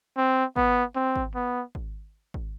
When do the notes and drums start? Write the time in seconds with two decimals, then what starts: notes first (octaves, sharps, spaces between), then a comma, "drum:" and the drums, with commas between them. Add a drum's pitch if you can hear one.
0.17 C4
0.56 B3, drum: kick G#1
0.96 C4
1.16 drum: kick G#1
1.35 B3
1.75 drum: kick G#1
2.34 drum: kick G#1